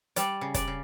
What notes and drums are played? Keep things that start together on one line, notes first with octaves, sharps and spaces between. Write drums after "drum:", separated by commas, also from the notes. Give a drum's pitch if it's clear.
G3 D5, drum: hi-hat
C#3
D5, drum: kick, hi-hat
C#3